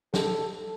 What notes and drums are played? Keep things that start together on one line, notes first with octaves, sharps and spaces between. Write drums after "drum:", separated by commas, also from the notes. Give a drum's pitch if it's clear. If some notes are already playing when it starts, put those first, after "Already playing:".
A4, drum: snare